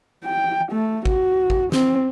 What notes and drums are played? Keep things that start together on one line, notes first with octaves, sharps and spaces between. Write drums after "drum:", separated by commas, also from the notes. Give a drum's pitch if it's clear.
G5
A3
F#4, drum: kick G#1
drum: kick G#1
C4, drum: snare